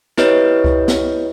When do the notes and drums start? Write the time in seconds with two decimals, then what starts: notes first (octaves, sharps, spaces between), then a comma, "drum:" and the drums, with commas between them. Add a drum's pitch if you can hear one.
0.17 E4 G4 B4 C#5 D#5, drum: snare
0.64 drum: kick C#2
0.88 drum: snare